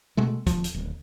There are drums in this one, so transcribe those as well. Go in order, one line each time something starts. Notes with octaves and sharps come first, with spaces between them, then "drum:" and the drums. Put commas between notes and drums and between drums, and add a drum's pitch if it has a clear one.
B2 G#3 A3
D1 F3, drum: kick, hi-hat
drum: hi-hat
D1